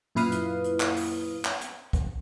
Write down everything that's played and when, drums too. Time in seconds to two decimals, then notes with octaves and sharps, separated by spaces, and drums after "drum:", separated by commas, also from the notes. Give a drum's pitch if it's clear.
0.15 F#2 A#2 E4 B4 F5 D#6
0.32 drum: hi-hat
0.64 drum: hi-hat
0.80 drum: clap
0.96 drum: open hi-hat
1.45 drum: clap
1.61 drum: hi-hat
1.93 drum: kick, hi-hat